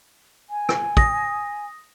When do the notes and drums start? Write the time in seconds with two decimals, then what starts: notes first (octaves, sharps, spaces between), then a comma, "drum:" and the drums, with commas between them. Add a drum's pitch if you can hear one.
0.50 G#5
0.69 drum: rim click
0.97 D#6 A#6, drum: kick